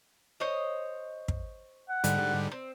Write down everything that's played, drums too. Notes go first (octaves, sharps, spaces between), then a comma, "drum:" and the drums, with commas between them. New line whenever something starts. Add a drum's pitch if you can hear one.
C5 C#5 D#5
drum: kick
F#5
G#2 D3 G3, drum: hi-hat
C4